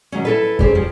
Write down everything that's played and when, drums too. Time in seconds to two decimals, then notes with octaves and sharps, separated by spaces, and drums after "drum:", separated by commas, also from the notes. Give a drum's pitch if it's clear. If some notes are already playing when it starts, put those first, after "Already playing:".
0.12 D#3 F#3 G3 C#4
0.25 E4 A4 B4
0.59 G2 C#4 G4 G#4 C5, drum: kick F2
0.75 F3